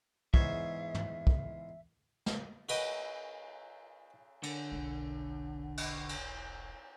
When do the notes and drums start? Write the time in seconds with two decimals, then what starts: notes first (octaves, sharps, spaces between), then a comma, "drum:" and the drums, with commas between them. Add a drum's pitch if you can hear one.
0.34 E2 G#2 C#5 E5, drum: kick
0.94 drum: tom
1.27 drum: kick
2.26 drum: snare
2.69 F#4 B4 D#5 G5, drum: cymbal
4.43 D3, drum: cymbal
4.71 E1 B1
5.77 drum: cymbal
6.09 drum: cymbal